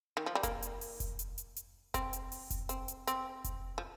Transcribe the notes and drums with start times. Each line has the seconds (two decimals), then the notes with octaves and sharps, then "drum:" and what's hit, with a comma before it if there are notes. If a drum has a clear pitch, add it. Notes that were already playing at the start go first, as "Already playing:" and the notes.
0.17 D#3
0.26 F3
0.35 G3
0.43 A#3, drum: kick F1, hi-hat
0.62 drum: hi-hat
0.81 drum: open hi-hat
1.00 drum: kick F1, hi-hat
1.19 drum: hi-hat
1.38 drum: hi-hat
1.56 drum: hi-hat
1.94 C4, drum: kick F1, hi-hat
2.13 drum: hi-hat
2.32 drum: open hi-hat
2.50 drum: kick F1, hi-hat
2.69 C4, drum: hi-hat
2.88 drum: hi-hat
3.07 C4, drum: hi-hat
3.44 drum: kick F1, hi-hat
3.78 F3